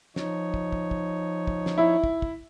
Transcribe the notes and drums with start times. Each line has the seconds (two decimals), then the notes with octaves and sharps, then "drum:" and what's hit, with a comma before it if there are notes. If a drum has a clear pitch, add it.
0.16 F3 D#4 C#5, drum: snare
0.54 drum: kick
0.72 drum: kick
0.91 drum: kick
1.47 drum: kick
1.66 drum: snare
1.78 E4
2.04 drum: kick
2.22 drum: kick